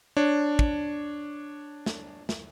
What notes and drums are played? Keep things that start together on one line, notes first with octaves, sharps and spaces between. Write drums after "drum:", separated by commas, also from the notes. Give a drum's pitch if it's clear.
D4 C#5
drum: kick
drum: snare
drum: snare